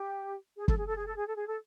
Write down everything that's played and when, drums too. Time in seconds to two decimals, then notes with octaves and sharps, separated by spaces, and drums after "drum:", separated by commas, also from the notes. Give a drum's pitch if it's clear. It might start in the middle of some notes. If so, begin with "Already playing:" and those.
Already playing: G4
0.58 G#4
0.68 A4, drum: kick
0.77 G#4
0.86 A4
0.97 G#4
1.07 A4
1.16 G#4
1.26 A4
1.36 G#4
1.47 A4